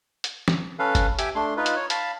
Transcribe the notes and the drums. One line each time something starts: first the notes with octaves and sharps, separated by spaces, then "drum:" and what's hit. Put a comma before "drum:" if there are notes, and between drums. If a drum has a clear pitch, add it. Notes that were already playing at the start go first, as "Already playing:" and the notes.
drum: hi-hat
drum: snare
C#4 A4 B4 F5
drum: kick G1, hi-hat
G4 E5 G#5 D6, drum: hi-hat
A3 D4 C6
D#4 F4 B4
drum: hi-hat
C#5
F5 A5 B5, drum: hi-hat